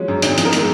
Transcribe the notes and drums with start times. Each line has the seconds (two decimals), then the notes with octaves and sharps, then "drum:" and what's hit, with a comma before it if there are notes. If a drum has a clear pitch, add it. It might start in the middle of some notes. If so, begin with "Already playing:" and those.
Already playing: F3 F#3 G#3 C#4
0.08 F#2
0.22 G#1 D#4, drum: hi-hat
0.38 F3, drum: hi-hat
0.45 A#4
0.53 G#3, drum: hi-hat